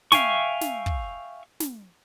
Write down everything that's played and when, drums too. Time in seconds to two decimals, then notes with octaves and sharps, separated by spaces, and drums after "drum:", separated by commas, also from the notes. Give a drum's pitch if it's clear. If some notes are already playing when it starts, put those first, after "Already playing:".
0.12 E5 F5 G5 G#5 C#6, drum: snare
0.61 drum: snare
0.86 drum: kick
1.60 drum: snare